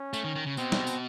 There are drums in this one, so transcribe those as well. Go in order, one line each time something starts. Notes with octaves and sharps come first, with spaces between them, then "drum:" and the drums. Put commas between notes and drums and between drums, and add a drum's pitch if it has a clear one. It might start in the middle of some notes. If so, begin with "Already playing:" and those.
Already playing: C#4
A3, drum: tambourine
D#3
D#3
C#3
B2 C4, drum: tambourine
drum: snare
drum: tambourine